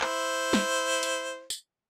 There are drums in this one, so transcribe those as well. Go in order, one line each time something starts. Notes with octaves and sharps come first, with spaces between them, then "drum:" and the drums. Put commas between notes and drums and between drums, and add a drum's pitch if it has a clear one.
E4 C5, drum: clap
drum: snare
drum: hi-hat
drum: tambourine